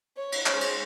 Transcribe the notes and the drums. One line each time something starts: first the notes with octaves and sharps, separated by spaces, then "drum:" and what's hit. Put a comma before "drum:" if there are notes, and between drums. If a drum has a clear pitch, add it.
C#5
drum: cymbal
G#3 C#4 G#4 C5 C#5, drum: clap
drum: cymbal